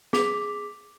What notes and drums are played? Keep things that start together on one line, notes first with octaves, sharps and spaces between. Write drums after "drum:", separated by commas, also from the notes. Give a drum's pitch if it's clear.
G#4 D6 B6 F7, drum: snare